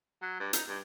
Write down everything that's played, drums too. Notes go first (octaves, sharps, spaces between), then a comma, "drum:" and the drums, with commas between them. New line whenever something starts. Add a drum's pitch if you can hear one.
F#3
G2
D#4, drum: hi-hat
G2